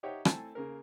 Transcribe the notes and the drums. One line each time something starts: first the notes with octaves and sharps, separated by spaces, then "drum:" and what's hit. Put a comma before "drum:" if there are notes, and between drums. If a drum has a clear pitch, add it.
D#4 G4 C#5 E5 F#5 G5
A3 C4 E4 A4 G#5 A5, drum: rim click
C#3 A#3 A#4